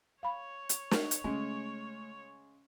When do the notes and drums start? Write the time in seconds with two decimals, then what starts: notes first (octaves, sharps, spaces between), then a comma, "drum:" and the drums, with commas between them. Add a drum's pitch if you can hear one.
0.23 C#5 F5 B5
0.69 drum: hi-hat
0.91 drum: snare
1.11 drum: hi-hat
1.24 C#3 G#3 A3